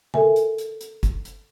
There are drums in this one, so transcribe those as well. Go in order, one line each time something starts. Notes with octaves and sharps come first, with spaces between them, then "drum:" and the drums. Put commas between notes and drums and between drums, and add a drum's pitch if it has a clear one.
A4 A#4 E5 G#5, drum: tom
drum: hi-hat
drum: hi-hat
drum: hi-hat
drum: kick, hi-hat
drum: hi-hat